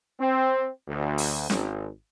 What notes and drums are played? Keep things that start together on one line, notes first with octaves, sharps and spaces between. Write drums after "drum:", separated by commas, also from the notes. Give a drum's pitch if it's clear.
C4
D2
drum: open hi-hat
G#1, drum: snare C#4